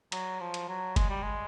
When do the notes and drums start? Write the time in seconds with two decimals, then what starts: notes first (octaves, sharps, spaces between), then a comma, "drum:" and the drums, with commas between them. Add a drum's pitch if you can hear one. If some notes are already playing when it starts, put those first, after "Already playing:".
0.12 F#3, drum: cymbal
0.40 F3
0.54 drum: cymbal
0.68 F#3
0.96 G#3, drum: kick F#1, cymbal
1.09 G3
1.22 G#3